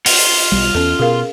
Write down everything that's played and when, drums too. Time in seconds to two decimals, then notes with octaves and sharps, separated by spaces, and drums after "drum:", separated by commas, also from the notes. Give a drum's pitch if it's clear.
0.06 F4, drum: open hi-hat
0.52 B1 G3
0.75 E2 C#4 A4
0.99 B2 G#4 A#4 F5